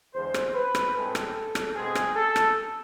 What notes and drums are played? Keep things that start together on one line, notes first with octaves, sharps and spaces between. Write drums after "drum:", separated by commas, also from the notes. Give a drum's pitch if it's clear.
E2 D3 G#3 C5
drum: rim click
B4
drum: rim click
A2 G#3 C4 A4
drum: rim click
drum: rim click
B2 G#3 C4 G#4
drum: rim click
A4
drum: rim click